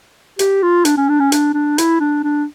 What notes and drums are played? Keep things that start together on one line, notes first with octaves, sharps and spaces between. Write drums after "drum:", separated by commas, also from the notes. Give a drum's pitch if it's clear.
G4, drum: hi-hat
F4
D4, drum: hi-hat
C#4
D4
C#4
D4, drum: hi-hat
D4
E4, drum: hi-hat
D4
D4